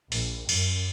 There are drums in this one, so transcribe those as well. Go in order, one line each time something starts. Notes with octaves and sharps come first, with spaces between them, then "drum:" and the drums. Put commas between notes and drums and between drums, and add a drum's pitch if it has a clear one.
A#1, drum: open hi-hat
F#2, drum: cymbal